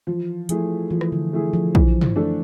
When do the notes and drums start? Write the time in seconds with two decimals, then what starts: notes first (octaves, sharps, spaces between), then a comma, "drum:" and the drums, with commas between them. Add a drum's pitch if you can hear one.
0.07 E3 F3
0.49 F3 A3 E4 G#4, drum: hi-hat
0.90 E3 F3
1.01 drum: rim click
1.12 D3
1.33 A3 E4 G#4
1.53 F3
1.75 E3, drum: kick A#1
2.01 drum: tom
2.16 A3 D4 A4